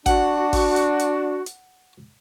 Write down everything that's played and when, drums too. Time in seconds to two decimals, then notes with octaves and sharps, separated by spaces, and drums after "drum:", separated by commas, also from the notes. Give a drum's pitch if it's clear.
0.06 D4 F#4 F#5, drum: kick, hi-hat
0.53 drum: kick, open hi-hat
0.76 drum: hi-hat
0.99 drum: hi-hat
1.46 drum: hi-hat